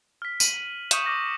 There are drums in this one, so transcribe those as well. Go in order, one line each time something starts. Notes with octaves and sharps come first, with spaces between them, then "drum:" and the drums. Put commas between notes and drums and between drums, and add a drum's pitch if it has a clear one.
F6 B6
D#7 F#7, drum: tambourine
C#6 D#6 G6 C#7 D#7 E7, drum: hi-hat
D6 F6 A#6